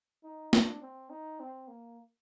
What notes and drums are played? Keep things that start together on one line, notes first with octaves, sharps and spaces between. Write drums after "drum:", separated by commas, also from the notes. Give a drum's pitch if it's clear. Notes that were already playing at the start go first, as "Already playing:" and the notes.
D#4
D4, drum: snare
C4
D#4
C4
A#3